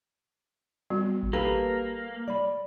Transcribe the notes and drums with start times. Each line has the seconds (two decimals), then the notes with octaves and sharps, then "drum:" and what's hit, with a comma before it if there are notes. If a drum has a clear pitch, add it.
0.90 G3 B3 F#4
1.23 drum: kick G#1
1.33 A#3 G4 A4 B4
2.28 D5 B5, drum: tom F#3